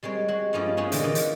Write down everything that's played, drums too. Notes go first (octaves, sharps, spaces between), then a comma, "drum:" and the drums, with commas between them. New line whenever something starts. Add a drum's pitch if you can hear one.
G3 G#3 C4 C#5
G#3 F#4
G2 F3 A3 C#4 G4 D#5
G#3 B3 C#4 D#4 E4 F#4
A#2 D3 E3, drum: hi-hat
E3 F4 D5 D#5
drum: hi-hat